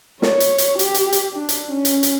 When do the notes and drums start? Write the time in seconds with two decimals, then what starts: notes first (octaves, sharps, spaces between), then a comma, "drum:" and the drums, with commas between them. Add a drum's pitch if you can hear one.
0.22 C#5, drum: snare
0.40 drum: hi-hat
0.58 drum: hi-hat
0.79 G4, drum: hi-hat
0.94 drum: hi-hat
1.12 drum: hi-hat
1.34 D4
1.49 drum: hi-hat
1.72 C#4
1.85 drum: hi-hat
2.03 drum: hi-hat